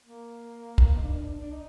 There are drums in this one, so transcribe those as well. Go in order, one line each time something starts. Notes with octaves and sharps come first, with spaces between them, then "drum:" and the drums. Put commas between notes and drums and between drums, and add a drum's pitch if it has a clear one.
A#3
drum: kick
D#4
D4
D4
D4
D4
D#4